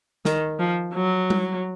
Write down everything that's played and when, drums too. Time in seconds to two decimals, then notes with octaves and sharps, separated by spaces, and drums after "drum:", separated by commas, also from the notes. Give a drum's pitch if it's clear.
0.25 D#3, drum: snare
0.59 F3
0.94 F#3
1.30 drum: tom G3